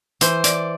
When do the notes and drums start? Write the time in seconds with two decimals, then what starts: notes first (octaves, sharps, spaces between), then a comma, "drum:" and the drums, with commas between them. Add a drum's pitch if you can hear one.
0.21 E3 C5, drum: hi-hat
0.44 D5, drum: hi-hat